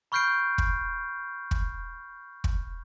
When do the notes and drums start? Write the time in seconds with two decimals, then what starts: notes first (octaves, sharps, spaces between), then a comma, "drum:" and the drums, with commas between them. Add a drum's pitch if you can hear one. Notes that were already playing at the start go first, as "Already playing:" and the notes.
0.12 B5 C#6 F6 G6 C7 D7
0.58 drum: kick
1.51 drum: kick
2.44 drum: kick